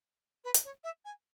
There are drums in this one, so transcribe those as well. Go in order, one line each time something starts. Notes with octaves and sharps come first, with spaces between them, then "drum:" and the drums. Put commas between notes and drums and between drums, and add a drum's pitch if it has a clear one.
B4
drum: hi-hat
C#5
E5
G#5